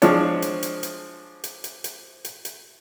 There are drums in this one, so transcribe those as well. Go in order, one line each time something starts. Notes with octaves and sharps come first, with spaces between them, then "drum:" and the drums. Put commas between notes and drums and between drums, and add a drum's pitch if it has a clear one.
F3 G#3 C4 D4 C#5, drum: hi-hat
drum: hi-hat
drum: hi-hat
drum: hi-hat
drum: hi-hat
drum: hi-hat
drum: hi-hat
drum: hi-hat
drum: hi-hat